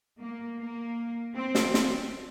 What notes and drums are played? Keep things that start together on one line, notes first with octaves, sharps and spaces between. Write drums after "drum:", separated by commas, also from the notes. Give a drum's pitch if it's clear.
A#3
A#3
C4
drum: snare
drum: snare